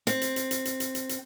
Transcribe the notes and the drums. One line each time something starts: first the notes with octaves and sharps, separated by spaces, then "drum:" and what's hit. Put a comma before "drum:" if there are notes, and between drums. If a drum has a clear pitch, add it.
C4, drum: hi-hat
drum: hi-hat
drum: hi-hat
drum: hi-hat
drum: hi-hat
drum: hi-hat
drum: hi-hat
drum: hi-hat